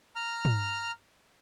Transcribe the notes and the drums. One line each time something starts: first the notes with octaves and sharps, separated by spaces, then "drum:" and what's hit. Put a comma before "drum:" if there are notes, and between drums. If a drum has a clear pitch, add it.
A#5 F6
drum: tom